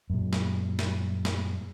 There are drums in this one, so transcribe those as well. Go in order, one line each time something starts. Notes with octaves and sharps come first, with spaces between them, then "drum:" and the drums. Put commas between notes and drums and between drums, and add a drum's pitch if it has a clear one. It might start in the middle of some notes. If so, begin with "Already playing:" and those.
F#2 A#2
drum: snare
drum: snare
drum: snare